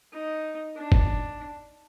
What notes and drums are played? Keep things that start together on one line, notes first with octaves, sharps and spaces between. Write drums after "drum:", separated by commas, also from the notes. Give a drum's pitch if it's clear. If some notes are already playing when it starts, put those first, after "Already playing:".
D#4
D4
drum: kick